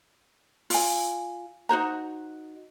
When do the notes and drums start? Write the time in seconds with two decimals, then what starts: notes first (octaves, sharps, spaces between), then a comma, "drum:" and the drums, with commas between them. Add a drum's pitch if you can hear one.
0.70 F4 G#5, drum: open hi-hat
1.69 D#4 F#4 C5 A#5